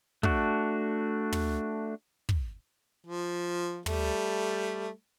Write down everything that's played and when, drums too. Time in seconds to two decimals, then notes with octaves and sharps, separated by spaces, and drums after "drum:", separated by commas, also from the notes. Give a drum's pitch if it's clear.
0.23 A3 D4 F#4, drum: kick
1.32 drum: tom
2.29 drum: kick
3.07 F3
3.86 G3 A3, drum: tom